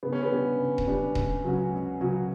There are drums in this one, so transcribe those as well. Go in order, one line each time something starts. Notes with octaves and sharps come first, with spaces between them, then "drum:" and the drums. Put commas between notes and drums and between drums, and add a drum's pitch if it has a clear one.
C#3 B3
C#4
B3
G3 D4 G4
C#3
drum: kick D#1
G3 D4 G4
C#2, drum: kick D#1
C#3 F#3 C#4 F#4
C#2
C#3 F#3 C#4 F#4